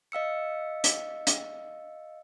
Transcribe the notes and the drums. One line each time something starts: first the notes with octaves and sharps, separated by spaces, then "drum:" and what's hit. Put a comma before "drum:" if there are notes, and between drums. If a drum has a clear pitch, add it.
D#5 F5 E6 C#7
drum: hi-hat
drum: hi-hat